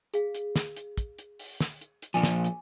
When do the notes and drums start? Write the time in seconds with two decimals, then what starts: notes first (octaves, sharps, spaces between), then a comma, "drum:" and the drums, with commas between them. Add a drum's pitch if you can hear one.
0.14 G#4 F5, drum: hi-hat
0.35 drum: hi-hat
0.56 drum: snare
0.77 drum: hi-hat
0.98 drum: kick, hi-hat
1.18 drum: hi-hat
1.39 drum: open hi-hat
1.60 drum: snare
1.81 drum: hi-hat
2.02 drum: hi-hat
2.14 A#2 F3 G#5 D6
2.23 drum: snare
2.44 drum: hi-hat